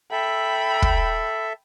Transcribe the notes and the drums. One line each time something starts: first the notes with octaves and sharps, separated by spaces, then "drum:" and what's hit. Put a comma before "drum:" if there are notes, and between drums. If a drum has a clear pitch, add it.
A4 E5 G5 B5
drum: kick